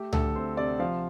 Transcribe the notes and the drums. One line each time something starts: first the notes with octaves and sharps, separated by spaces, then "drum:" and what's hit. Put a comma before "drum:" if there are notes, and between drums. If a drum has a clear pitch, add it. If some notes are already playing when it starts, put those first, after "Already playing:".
Already playing: A3 G4
D2 A4, drum: tom C#2
C4 C5
C3 D5
F3 F5